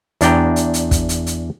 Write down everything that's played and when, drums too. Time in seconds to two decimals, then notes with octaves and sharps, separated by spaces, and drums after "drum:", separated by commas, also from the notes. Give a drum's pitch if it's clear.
0.21 E2 D4 D5 G5 A#5, drum: hi-hat
0.56 drum: hi-hat
0.74 drum: hi-hat
0.91 drum: kick, hi-hat
1.09 drum: hi-hat
1.26 drum: hi-hat